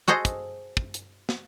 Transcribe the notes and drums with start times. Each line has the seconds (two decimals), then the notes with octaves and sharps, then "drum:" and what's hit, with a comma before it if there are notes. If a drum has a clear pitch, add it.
0.08 F#4 G#4 A4 C5 D#5
0.25 drum: kick, hi-hat
0.77 drum: kick
0.94 drum: hi-hat
1.29 drum: snare